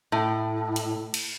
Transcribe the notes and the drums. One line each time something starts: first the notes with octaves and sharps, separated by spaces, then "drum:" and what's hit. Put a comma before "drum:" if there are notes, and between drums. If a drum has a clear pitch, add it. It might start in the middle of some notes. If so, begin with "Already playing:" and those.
A2
drum: hi-hat
drum: cymbal